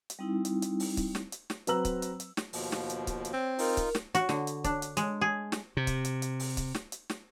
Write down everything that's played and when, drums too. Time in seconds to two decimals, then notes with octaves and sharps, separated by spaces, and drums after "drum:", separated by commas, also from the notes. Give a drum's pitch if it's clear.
0.10 drum: hi-hat
0.19 G3 C4 D#4 E4
0.45 drum: hi-hat
0.62 drum: hi-hat
0.80 drum: open hi-hat
0.97 drum: kick C#1, hi-hat
1.15 drum: snare
1.32 drum: hi-hat
1.50 drum: snare
1.67 F#3 C4 B4 A#5 E6 F#7, drum: hi-hat
1.85 drum: kick C#1, hi-hat
2.02 drum: hi-hat
2.20 drum: hi-hat
2.37 drum: snare
2.53 D#2 B2 F3, drum: open hi-hat
2.72 drum: snare
2.90 drum: hi-hat
3.07 drum: kick C#1, hi-hat
3.25 drum: hi-hat
3.34 C4 C#5
3.59 D#4 F4 A#4, drum: open hi-hat
3.77 drum: kick C#1, hi-hat
3.95 drum: snare
4.15 F#4, drum: hi-hat
4.29 D3, drum: snare
4.47 drum: hi-hat
4.64 D4, drum: kick C#1, hi-hat
4.82 drum: hi-hat
4.97 G#3, drum: hi-hat
5.21 G#4
5.52 drum: snare
5.77 C3
5.87 drum: kick C#1, hi-hat
6.05 drum: hi-hat
6.22 drum: hi-hat
6.40 drum: open hi-hat
6.57 drum: kick C#1, hi-hat
6.75 drum: snare
6.92 drum: hi-hat
7.10 drum: snare